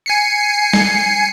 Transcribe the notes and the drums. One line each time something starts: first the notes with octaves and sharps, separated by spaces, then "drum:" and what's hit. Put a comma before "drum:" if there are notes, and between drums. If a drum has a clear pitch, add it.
G#5 C7 C#7
drum: snare G3